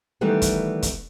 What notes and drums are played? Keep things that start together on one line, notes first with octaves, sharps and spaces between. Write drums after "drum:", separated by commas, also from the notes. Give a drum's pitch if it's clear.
D#3 E3 G3 A3 B3
drum: kick, hi-hat
drum: kick, hi-hat